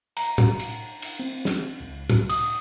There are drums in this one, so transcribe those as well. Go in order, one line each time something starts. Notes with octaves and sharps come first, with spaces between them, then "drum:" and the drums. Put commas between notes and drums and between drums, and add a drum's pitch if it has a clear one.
A#5, drum: cymbal
drum: tom
drum: cymbal
drum: cymbal
C4
drum: snare
C#2
drum: tom
D#6, drum: cymbal